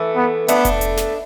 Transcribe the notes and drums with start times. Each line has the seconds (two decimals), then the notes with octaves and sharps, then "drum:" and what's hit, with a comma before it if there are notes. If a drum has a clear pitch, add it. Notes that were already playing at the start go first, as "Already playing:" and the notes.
Already playing: E3 A3
0.16 B3
0.48 A3 B3 D4, drum: hi-hat
0.65 drum: kick F1, hi-hat
0.81 drum: hi-hat
0.97 drum: snare